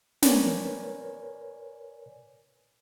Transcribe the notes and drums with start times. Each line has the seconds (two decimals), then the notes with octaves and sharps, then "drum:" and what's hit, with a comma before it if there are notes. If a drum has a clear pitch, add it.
0.22 A#4 B4 C#5 D5 G#5, drum: snare